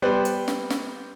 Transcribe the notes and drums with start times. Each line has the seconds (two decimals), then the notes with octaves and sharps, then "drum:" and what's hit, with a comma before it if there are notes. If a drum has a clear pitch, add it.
0.02 G3 B3 B4 C5 D5
0.25 drum: hi-hat
0.48 drum: snare
0.70 drum: snare